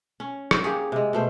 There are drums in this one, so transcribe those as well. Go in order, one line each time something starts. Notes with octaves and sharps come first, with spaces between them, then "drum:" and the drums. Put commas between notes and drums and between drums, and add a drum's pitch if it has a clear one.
C#4
drum: rim click
A#3 G4 G#4
C3 G#3
B2 A3 C5